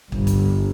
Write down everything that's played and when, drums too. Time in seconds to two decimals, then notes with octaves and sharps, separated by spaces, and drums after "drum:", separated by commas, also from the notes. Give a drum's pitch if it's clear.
0.12 G1, drum: kick
0.27 drum: kick, hi-hat